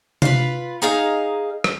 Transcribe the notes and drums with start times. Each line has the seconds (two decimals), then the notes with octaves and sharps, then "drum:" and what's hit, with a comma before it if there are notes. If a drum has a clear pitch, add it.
0.22 F4 B4, drum: tom C3
0.82 D#4 G#4 D#5 F5
1.64 drum: rim click